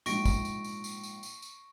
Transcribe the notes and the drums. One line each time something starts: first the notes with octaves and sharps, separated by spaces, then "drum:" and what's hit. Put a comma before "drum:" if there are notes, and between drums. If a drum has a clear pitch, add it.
A#1 G#2 C#6 A#6 D7, drum: tambourine
drum: kick, tambourine
drum: tambourine
drum: tambourine
drum: tambourine
drum: tambourine
drum: tambourine
drum: tambourine